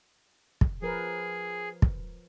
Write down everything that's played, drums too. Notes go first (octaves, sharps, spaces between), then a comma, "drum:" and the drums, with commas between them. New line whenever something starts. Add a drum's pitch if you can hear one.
drum: kick
F3 G#4 A#4 B4
drum: kick